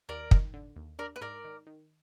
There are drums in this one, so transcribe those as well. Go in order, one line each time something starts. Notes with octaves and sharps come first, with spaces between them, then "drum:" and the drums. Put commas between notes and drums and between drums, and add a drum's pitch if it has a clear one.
D#2 A#4 D5
D#3, drum: kick
D3
D#2
D4 A#4 D5
B4
G#2 A#4 D5
D#3
D#3